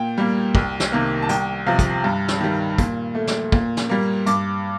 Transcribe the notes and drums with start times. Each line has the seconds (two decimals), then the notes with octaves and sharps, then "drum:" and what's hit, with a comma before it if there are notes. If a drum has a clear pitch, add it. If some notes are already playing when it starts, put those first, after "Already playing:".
Already playing: A#2 G5
0.18 G3 A#3
0.55 C2, drum: kick
0.80 drum: snare
0.92 C3 D#3 A#3
1.22 A5
1.29 C2 G5, drum: hi-hat
1.66 C3 F3 F5
1.79 drum: kick, hi-hat
2.04 G2
2.28 drum: snare
2.41 D#3 G3
2.78 A#2, drum: kick, hi-hat
3.15 A3
3.27 drum: snare
3.52 A#2, drum: kick
3.77 drum: snare
3.89 G3 A#3
4.26 G2 D6, drum: hi-hat